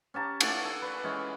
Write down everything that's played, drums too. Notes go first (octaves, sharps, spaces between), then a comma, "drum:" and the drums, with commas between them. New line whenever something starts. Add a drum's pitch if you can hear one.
C#4 G4 A5 A#5
A3 D5 F#5 G#5, drum: cymbal
A4
B4
E3 G#3 C#4